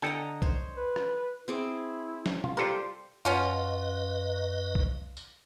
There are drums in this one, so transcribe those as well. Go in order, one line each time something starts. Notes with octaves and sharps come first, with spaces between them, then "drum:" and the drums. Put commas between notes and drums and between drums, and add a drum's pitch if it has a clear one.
D3 A4 D#5 G5 G#5 A#5
C5 C#5, drum: kick
B4
drum: rim click
C4 E4 G#4 D6
drum: snare
F4, drum: tom B2
G3 F4 G4 A4 A#4 C5
F#2 B2 C#4 F4 B4 D#5
drum: kick
drum: tambourine